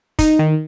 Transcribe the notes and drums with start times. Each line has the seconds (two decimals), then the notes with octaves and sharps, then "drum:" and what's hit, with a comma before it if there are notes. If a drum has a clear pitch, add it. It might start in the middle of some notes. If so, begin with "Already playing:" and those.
0.19 D#4, drum: kick, hi-hat
0.39 D#3